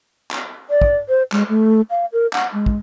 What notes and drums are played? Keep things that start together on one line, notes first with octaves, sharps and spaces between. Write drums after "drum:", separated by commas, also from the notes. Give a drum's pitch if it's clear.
drum: clap
D5
drum: kick
C5
G#3, drum: clap
A3
F5
A#4
F#5, drum: clap
G#3
drum: kick